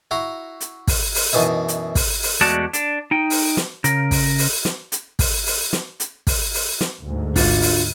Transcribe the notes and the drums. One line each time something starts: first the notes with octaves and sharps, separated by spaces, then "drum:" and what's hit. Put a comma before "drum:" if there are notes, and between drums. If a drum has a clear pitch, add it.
E4 F#4 A#5 C6
drum: hi-hat
drum: kick, open hi-hat
drum: open hi-hat
F#2 B2 E3 D#4 E4
drum: hi-hat
drum: kick, open hi-hat
drum: open hi-hat
E2 G#3 A3 F#4 D5 A5
D4, drum: hi-hat
D#4 G5
drum: open hi-hat
drum: snare
C#3 A#4, drum: hi-hat
drum: kick, open hi-hat
drum: open hi-hat
drum: snare
drum: hi-hat
drum: kick, open hi-hat
drum: open hi-hat
drum: snare
drum: hi-hat
drum: kick, open hi-hat
drum: open hi-hat
drum: snare
D2 G#2
D4 F4 F#4, drum: kick, open hi-hat
drum: open hi-hat